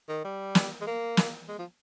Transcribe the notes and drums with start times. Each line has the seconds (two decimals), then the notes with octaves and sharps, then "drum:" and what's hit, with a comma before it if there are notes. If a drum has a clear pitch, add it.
0.08 D#3
0.24 G3
0.55 drum: snare
0.81 G#3
0.87 A#3
1.17 drum: snare
1.48 G#3
1.59 F3